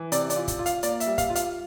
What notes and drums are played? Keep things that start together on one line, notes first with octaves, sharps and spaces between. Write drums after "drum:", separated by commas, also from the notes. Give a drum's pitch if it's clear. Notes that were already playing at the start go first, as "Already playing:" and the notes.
Already playing: E3
C3 D5, drum: hi-hat
D5, drum: hi-hat
F4
drum: kick, hi-hat
F4
F5, drum: hi-hat
A#3 D5, drum: hi-hat
E5, drum: hi-hat
G3
F5, drum: kick, hi-hat
F4
F5, drum: hi-hat